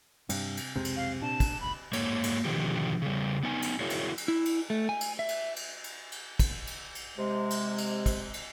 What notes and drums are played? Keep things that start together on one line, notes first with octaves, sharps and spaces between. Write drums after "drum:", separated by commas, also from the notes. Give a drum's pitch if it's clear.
G2 C3, drum: cymbal
drum: cymbal
B1 F2 C3 G#3
drum: cymbal
F5
A#2 D4 A5
drum: kick, cymbal
F#1 C#2 B5
G#2 A#3 C#5, drum: cymbal
drum: cymbal
B2 D3 D#3 F3 G4
C#3 G3
B3 D#4 G#5
drum: cymbal
E4 F#4 G#4 A#4 C#5
drum: cymbal
drum: cymbal
E4
drum: cymbal
A3
G#5
drum: cymbal
E5
drum: cymbal
drum: cymbal
drum: cymbal
drum: cymbal
drum: kick, cymbal
drum: cymbal
drum: cymbal
C3 G#3
drum: cymbal
drum: cymbal
drum: kick, cymbal
drum: cymbal